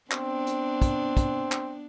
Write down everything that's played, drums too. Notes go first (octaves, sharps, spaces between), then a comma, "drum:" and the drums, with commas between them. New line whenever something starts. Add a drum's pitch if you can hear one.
B3 C4 D4, drum: clap
drum: hi-hat
drum: kick, hi-hat
drum: kick, hi-hat
drum: clap